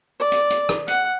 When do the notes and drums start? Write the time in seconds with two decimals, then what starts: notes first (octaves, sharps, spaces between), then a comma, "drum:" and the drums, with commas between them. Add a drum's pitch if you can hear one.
0.20 D5
0.32 drum: hi-hat
0.50 drum: hi-hat
0.69 drum: rim click
0.88 F#5, drum: hi-hat